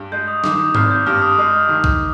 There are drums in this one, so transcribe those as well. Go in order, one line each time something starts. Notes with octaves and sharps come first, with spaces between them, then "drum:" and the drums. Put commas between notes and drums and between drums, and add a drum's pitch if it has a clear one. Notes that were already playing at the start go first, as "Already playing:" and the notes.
Already playing: G2
G#3 G6
D#6
D#3 D6, drum: snare
D#6
G#1 F6, drum: tom
G6
G2 F6
D#6
G#3
D#3
drum: kick A#1